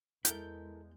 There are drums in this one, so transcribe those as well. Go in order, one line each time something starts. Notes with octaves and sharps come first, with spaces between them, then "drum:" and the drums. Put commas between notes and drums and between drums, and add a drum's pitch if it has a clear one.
E2 G#3 E4 A4 A#4 G6, drum: hi-hat